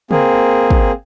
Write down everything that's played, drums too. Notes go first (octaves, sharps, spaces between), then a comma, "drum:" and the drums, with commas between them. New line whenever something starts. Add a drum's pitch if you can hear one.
A#3 C4 G#4, drum: tom
drum: kick